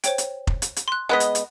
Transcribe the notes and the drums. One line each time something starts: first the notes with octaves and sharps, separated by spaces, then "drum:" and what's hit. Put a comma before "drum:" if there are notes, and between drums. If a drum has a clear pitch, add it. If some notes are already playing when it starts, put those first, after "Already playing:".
C5 C#5 G5, drum: hi-hat
drum: hi-hat
drum: kick F1
drum: hi-hat
drum: hi-hat
C6 F#6
G#3 B3 D#5 F#5 F#6 B6
drum: hi-hat
drum: hi-hat